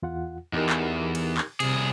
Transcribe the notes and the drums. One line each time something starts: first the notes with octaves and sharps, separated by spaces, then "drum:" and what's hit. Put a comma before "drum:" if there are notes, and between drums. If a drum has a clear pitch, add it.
E2 F4 F#5
E2 D#4 G4 A#4
drum: clap
drum: cymbal
drum: clap
C2 C3 G#4, drum: cymbal